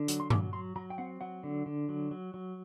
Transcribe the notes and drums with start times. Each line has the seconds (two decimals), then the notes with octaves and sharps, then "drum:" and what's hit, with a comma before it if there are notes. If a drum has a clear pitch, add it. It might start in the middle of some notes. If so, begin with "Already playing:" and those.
Already playing: D3
0.08 F#3, drum: hi-hat
0.20 C6
0.30 F#3 D6, drum: tom G2
0.53 F#3 C6
0.76 F#3 A#5
0.90 G5
0.98 C4 F#5
1.21 F#3 F#5
1.43 D3
1.66 D3
1.89 F#3
2.11 F#3
2.34 F#3